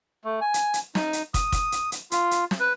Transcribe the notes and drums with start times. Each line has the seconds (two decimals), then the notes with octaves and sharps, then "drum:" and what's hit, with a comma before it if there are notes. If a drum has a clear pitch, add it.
0.24 A3
0.41 G#5
0.54 drum: hi-hat
0.74 drum: hi-hat
0.95 D#4, drum: snare
1.13 drum: hi-hat
1.34 D#6, drum: kick, hi-hat
1.52 drum: kick, hi-hat
1.72 drum: hi-hat
1.92 drum: hi-hat
2.11 F4, drum: hi-hat
2.31 drum: hi-hat
2.51 drum: snare
2.60 B4